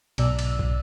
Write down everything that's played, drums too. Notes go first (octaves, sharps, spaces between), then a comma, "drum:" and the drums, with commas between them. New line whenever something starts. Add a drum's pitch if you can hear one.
B1 G#2 B2 D5 E6, drum: cymbal
drum: cymbal
drum: kick